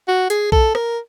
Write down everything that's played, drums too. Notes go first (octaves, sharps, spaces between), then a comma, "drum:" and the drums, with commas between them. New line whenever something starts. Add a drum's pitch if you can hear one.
F#4
G#4, drum: hi-hat
A4, drum: kick B1
A#4, drum: rim click